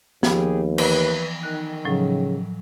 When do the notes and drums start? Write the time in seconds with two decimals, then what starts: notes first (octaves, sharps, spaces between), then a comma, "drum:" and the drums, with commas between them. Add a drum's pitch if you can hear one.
0.23 D#2 F3 B3 G4 G#4, drum: snare
0.78 E3 B4, drum: cymbal
1.43 D#3 F#6
1.85 A2 C#3 F3 F#3